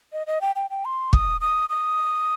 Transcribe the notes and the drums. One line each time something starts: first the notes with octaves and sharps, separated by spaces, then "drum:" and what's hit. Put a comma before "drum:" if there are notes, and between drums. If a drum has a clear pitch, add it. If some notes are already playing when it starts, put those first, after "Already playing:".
D#5
D#5
G5
G5
G5
C6
D#6, drum: kick
D#6
D#6